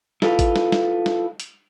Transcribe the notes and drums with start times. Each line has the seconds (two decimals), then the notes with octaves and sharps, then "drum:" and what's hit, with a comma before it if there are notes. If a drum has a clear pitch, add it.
0.22 E4 F4 A4 B4 F5, drum: snare
0.39 drum: kick G#1, hi-hat
0.56 drum: snare
0.72 drum: snare
1.06 drum: snare
1.40 drum: hi-hat